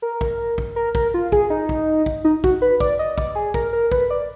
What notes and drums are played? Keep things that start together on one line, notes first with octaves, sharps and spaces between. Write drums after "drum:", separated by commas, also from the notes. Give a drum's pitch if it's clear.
A#4
drum: kick
drum: kick
A#4
A#4, drum: kick
F4
G#4, drum: kick
D#4
drum: kick
drum: kick
D#4
F#4, drum: kick
B4
D5, drum: kick
D#5
D5, drum: kick
G#4
A#4, drum: kick
A#4
B4, drum: kick
D5